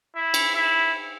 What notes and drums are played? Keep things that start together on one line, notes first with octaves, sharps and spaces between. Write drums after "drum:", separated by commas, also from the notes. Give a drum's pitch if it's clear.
E4
drum: cymbal
E4